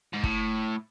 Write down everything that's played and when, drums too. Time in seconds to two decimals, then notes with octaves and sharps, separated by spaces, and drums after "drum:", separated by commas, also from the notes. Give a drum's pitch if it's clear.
0.13 G#2
0.23 A2, drum: kick